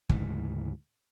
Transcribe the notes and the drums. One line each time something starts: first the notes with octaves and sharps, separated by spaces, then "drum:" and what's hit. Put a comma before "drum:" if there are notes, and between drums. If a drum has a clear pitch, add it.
D2 G#2 C#3 E3, drum: kick